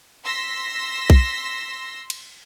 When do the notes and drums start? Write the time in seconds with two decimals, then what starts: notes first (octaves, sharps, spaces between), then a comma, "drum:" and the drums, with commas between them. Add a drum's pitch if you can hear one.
0.24 C6 E6 A#6 B6
1.10 drum: kick B1
2.10 drum: cymbal